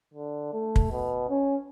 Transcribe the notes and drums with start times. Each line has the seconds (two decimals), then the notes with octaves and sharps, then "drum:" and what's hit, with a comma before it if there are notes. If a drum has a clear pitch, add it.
0.14 D3
0.53 A3
0.76 drum: kick
0.91 B2
1.30 C#4